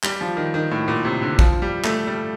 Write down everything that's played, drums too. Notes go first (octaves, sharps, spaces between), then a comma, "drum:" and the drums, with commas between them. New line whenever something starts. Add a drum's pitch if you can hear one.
G3, drum: clap
F3
D#3
D#3
A2
A#2
C3
D3
F3, drum: kick
G3
A3, drum: clap
G3